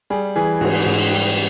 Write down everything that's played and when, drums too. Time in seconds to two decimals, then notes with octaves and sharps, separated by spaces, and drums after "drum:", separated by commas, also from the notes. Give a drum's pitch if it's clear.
0.10 G3 G#4
0.36 E3 G#4
0.61 G#2 F#4, drum: cymbal
0.86 G#2
1.11 G3 G4